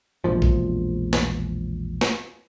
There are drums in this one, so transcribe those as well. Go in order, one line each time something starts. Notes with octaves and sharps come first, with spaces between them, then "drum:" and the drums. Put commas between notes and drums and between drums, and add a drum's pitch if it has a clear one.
E1 A#1 F3
drum: kick
drum: snare
drum: snare